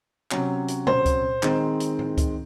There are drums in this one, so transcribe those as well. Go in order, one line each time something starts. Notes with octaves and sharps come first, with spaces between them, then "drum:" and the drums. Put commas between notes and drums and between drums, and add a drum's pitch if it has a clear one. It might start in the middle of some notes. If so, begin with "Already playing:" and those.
C3 F#3 C#4, drum: clap
drum: hi-hat
C5, drum: tom A#2
drum: kick C#2, hi-hat
D#3 G#3 C4, drum: clap
drum: hi-hat
drum: tom A2
drum: kick C#2, hi-hat